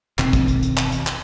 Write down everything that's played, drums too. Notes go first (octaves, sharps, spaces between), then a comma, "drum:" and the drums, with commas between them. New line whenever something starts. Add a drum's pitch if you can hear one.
E1 B2 D#3 C4, drum: clap
drum: kick, hi-hat
drum: hi-hat
drum: hi-hat
drum: clap
drum: hi-hat
drum: clap